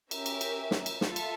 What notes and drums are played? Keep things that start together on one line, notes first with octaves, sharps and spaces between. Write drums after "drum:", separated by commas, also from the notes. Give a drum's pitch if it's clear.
C#4 G4 A#4 E5, drum: cymbal
drum: cymbal
drum: cymbal
drum: snare
drum: cymbal
F4 A4 E5, drum: snare
drum: cymbal